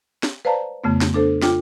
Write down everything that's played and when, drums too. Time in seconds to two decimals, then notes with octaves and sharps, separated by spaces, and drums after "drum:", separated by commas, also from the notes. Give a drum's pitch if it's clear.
0.23 drum: snare
0.45 B4 C5 D5 F5 A5 A#5
0.84 F2 C#3 A3 B3
1.01 drum: snare
1.14 D4 A4 C5
1.42 F4 G5 D6, drum: snare